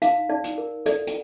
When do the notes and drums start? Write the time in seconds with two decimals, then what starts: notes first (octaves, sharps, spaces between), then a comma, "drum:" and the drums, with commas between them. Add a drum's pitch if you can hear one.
0.02 D#4 F5, drum: hi-hat
0.29 D#4 D5
0.44 drum: hi-hat
0.58 A#4
0.86 A4 D5, drum: hi-hat
1.07 drum: hi-hat